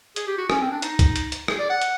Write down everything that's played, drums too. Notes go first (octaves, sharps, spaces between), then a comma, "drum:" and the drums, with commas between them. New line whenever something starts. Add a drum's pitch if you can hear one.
G#4, drum: hi-hat
G4
F#4
C#4, drum: rim click
C4
D4
D#4, drum: hi-hat
drum: kick C2, hi-hat
drum: hi-hat
drum: hi-hat
G#4, drum: rim click
D5
F#5
drum: hi-hat